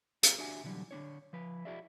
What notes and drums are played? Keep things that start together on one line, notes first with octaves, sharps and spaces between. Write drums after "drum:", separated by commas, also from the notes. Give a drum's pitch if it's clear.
G4 G#4 A#4 C5 F5, drum: hi-hat
D4 F#4 G4 E5 G#5
B1 D3 E3 F#3 G3
D3 C4 D4 C#5
F3 B4
E4 F#4 G#4 D5 E5